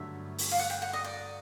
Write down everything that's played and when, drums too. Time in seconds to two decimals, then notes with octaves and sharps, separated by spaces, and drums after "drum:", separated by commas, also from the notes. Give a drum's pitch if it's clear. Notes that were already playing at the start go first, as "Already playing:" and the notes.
Already playing: G2 D3 F#3 A3 E5
0.38 drum: open hi-hat
0.51 F5
0.59 F#5
0.70 G5
0.82 F#5
0.93 D#5
1.04 D5